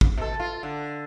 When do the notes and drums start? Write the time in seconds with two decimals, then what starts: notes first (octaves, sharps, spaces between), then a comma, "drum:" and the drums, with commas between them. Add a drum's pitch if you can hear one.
0.01 drum: kick
0.18 B2 A4
0.40 F4
0.63 D3